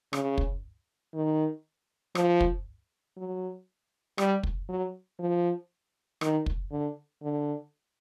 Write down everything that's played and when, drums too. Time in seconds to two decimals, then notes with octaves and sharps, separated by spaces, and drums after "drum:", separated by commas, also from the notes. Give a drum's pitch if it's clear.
0.13 C#3, drum: rim click
0.38 drum: kick
1.14 D#3
2.15 F3, drum: rim click
2.40 drum: kick
3.17 F#3
4.18 G3, drum: rim click
4.43 drum: kick
4.69 F#3
5.19 F3
6.21 D#3, drum: rim click
6.46 drum: kick
6.72 D3
7.22 D3